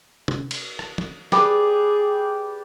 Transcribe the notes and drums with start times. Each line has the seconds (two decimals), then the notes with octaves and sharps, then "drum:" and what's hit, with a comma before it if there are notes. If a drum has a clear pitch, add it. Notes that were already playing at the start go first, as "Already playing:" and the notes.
0.28 drum: tom
0.51 drum: cymbal
0.79 drum: rim click
0.98 drum: tom
1.32 G4 G#4 B4 D5, drum: snare